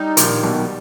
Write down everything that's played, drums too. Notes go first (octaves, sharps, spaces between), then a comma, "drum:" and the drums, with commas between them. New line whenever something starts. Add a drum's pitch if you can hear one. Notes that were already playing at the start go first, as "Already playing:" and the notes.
Already playing: G3 D#4
A#1 A#2 D#3, drum: hi-hat
B1 B2
G3